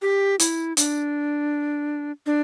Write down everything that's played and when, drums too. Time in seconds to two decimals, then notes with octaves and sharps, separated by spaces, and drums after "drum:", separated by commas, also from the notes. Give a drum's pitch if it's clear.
0.02 G4
0.39 E4, drum: hi-hat
0.77 D4, drum: hi-hat
2.26 D4